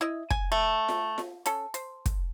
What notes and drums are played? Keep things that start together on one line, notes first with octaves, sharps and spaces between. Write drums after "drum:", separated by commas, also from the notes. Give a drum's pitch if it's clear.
E4 D#5
G#5, drum: kick
A3
drum: snare F4
drum: snare F4
C#4 A4, drum: hi-hat
C5, drum: hi-hat
drum: kick, hi-hat